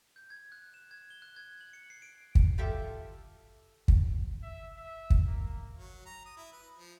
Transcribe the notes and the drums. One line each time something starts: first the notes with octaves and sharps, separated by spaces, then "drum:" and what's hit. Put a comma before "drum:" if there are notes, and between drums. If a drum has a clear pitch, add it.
G6
G#6
F#6
E7
G#6
G7
F#6
G#6
F#7
C#7
C7
D7
drum: kick
F4 G4 A4 E5
drum: kick
E5
E5
drum: kick
A#3
F#3
A#5
D#6
E4
B4
F3